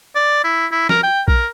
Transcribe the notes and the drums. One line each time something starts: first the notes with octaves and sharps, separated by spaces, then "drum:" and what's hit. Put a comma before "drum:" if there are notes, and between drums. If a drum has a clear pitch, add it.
D5
E4
E4
A#4, drum: snare
G5
A#4, drum: kick A#1